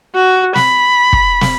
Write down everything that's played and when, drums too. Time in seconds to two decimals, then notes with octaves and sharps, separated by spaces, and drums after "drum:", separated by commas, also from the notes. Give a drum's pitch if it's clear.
0.15 F#4
0.55 B5, drum: snare
1.13 drum: kick
1.41 drum: snare